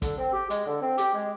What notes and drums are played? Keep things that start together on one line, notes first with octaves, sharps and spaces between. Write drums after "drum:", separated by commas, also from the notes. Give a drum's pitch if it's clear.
D3, drum: kick, hi-hat
C4
G4
G#3, drum: hi-hat
D3
C4
G4, drum: hi-hat
G#3